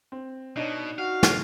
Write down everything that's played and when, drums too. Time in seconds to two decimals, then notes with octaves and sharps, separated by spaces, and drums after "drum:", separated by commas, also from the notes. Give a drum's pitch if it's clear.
0.12 C4
0.56 B2 D4 D#4 C#5
0.98 F#4 F5
1.23 drum: snare